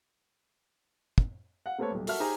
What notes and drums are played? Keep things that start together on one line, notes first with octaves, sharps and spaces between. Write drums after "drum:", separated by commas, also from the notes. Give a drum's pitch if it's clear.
drum: kick
F5 F#5
A3 A#3 C4 A4 B4 C#5
D#1 B1
F#4 A4 A#4 E5 F6, drum: open hi-hat
D#4 G4 G#4 C5 G#5 A#5